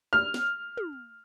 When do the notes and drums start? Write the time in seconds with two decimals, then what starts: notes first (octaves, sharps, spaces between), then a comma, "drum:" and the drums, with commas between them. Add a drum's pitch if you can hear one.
0.13 F6
0.34 drum: snare
0.77 drum: tom